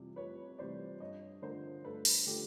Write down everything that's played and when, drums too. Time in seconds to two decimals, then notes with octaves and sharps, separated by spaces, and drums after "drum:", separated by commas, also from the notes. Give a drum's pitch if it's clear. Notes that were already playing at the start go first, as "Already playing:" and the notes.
Already playing: F2 C3 E3 G3
0.16 F2 B4 C#5
0.58 C3 E3 G3 C5 D5
1.00 G2 C#5 D#5
1.42 D3 F3 A#4 C5
1.85 G2 A4 B4
2.05 drum: open hi-hat
2.26 D3 F3 G4 A4